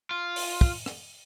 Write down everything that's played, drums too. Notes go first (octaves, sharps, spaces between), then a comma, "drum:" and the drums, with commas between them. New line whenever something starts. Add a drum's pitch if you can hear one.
F4
drum: open hi-hat
drum: kick
drum: rim click